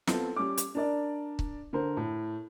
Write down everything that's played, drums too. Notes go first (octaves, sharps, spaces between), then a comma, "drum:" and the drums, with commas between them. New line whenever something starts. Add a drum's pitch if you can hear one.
B3 C4 F4 A4, drum: snare
G3 C#4 D6
drum: hi-hat
D4 A#4 D5
drum: kick C#1
D3 A#4 C5
A2